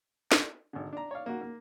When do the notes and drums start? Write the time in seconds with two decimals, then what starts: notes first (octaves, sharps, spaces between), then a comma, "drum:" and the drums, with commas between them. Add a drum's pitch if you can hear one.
0.32 drum: snare
0.73 G#1 D3
0.92 D4 A#5
1.11 C#5 D5 F5
1.26 A#3 F#4
1.41 A#3